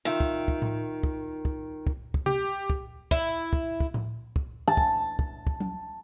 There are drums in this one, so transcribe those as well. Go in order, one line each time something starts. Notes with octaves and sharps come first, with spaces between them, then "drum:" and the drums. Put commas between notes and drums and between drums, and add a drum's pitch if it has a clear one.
D#3 F4 E5 G5
drum: kick
drum: kick
drum: tom A2
drum: kick
drum: kick
drum: kick
drum: kick
G4, drum: tom C3
drum: kick
E4, drum: kick
drum: kick
drum: kick
drum: tom A2
drum: kick
A5
drum: kick
drum: kick
drum: kick
drum: tom F#3